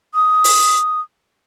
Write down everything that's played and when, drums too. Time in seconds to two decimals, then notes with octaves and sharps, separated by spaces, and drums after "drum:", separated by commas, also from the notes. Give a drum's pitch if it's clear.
0.14 D#6
0.44 drum: open hi-hat